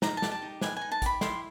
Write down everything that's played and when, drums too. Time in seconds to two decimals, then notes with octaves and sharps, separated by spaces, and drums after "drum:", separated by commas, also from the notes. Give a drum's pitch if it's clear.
0.02 D#4 A#5, drum: snare
0.17 A5
0.22 G4, drum: snare
0.32 A5
0.42 D#4
0.61 B4 G#5, drum: snare
0.77 D#4 G#5
0.92 A5
1.02 G4 B5, drum: kick, hi-hat
1.21 E4 C6, drum: snare